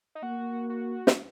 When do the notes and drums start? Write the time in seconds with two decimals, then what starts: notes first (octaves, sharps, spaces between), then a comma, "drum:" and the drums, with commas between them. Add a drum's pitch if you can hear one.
0.15 D#4
0.23 A#3 F#4
0.70 F#4
1.07 drum: snare